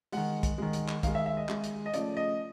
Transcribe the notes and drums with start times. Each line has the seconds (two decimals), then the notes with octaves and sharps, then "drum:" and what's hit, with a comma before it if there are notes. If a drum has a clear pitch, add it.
0.12 D#3 G#3 F#5, drum: open hi-hat
0.43 drum: kick, hi-hat
0.58 D#3 G#3
0.73 drum: hi-hat
0.88 drum: clap
1.03 D#3 G#3 F5, drum: kick, hi-hat
1.15 E5
1.26 E5
1.37 D#5
1.49 D#3 G#3, drum: clap
1.64 drum: hi-hat
1.86 D#5
1.94 C#3 F3 A3 D5, drum: hi-hat
2.17 D#5